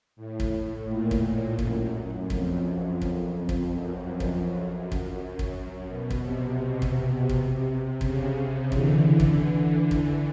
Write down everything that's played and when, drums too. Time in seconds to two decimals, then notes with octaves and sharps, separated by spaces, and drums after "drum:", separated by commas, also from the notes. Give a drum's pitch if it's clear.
0.16 A2
0.40 drum: kick
0.88 A#2
1.11 drum: kick
1.59 F#2, drum: kick
2.30 F2, drum: kick
3.01 F2, drum: kick
3.49 drum: kick
3.72 F#2
4.20 drum: kick
4.92 drum: kick
5.39 drum: kick
5.87 B2
6.10 drum: kick
6.22 C3
6.82 drum: kick
7.29 drum: kick
8.01 C#3, drum: kick
8.72 D3 E3, drum: kick
9.20 drum: kick
9.43 D3 E3
9.91 drum: kick